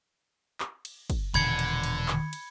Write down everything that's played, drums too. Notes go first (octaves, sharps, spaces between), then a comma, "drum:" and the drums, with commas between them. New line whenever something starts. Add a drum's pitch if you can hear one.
drum: clap
drum: cymbal
drum: kick, cymbal
E1 A#2 D3 D#3 B5 G#6 C#7, drum: cymbal
drum: cymbal
drum: cymbal
drum: clap
drum: cymbal